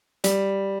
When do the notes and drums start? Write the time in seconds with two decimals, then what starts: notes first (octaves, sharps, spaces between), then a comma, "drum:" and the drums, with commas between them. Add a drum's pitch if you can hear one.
0.24 G3, drum: hi-hat